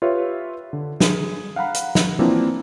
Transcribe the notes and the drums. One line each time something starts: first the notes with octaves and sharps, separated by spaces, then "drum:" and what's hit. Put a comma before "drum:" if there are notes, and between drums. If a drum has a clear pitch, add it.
F4 G4 B4 C#5 E5
D3
G#4, drum: snare
F5 F#5 A#5 B5
drum: hi-hat
drum: snare
E3 F3 A#3 C4 D4 E4